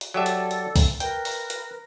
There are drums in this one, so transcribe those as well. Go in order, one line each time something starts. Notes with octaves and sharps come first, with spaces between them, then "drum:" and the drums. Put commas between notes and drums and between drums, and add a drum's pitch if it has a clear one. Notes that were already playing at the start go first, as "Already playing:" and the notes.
drum: hi-hat
F#3 G4 A4 D5 E5 A5
drum: hi-hat
drum: hi-hat
drum: kick C2, open hi-hat
A#4 B4 G5, drum: hi-hat
drum: open hi-hat
drum: hi-hat